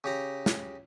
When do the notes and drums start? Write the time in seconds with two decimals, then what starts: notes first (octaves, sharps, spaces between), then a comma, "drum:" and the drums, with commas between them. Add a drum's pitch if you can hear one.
0.04 C#3 G4 A#5
0.46 drum: snare